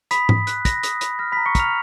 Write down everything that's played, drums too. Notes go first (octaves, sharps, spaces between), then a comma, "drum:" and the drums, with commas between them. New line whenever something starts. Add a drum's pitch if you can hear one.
B5 D#6 B6, drum: hi-hat
B5, drum: tom G#2
F#6, drum: hi-hat
B5 A#6, drum: kick, hi-hat
D#6, drum: hi-hat
B5, drum: hi-hat
F6 A#6
A#5 B5 B6
C#6 C#7
A#5 F6 F7, drum: kick, hi-hat